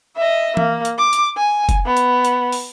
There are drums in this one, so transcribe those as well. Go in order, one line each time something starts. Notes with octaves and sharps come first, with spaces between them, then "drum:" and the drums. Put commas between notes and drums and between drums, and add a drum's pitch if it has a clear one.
D#5 E5
A#3, drum: tom E3
drum: hi-hat
D6
drum: hi-hat
G#5
drum: kick F1, hi-hat
B3
drum: hi-hat
drum: hi-hat
drum: open hi-hat